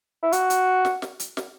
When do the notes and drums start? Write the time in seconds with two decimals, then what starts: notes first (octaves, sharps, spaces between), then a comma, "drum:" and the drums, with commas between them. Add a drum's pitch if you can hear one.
0.23 E4
0.32 F#4, drum: hi-hat
0.50 drum: hi-hat
0.85 drum: snare
1.02 drum: snare
1.20 drum: hi-hat
1.37 drum: snare